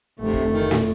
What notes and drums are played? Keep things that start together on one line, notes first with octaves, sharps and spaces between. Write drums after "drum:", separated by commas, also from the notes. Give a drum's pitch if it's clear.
F1 D2 C3 A3
drum: kick
D#3
drum: snare